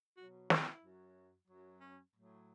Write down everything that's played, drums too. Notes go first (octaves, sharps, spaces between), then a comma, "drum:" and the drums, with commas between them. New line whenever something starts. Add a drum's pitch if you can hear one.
B2 F#3 F#4
E4, drum: snare
F#2 F#3
F#2 F#3
C#4
A2 F#3